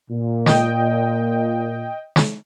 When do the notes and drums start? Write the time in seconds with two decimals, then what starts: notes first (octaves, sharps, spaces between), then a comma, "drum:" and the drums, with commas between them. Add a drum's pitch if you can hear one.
0.11 A#2
0.46 D#5 G5, drum: snare
2.16 drum: snare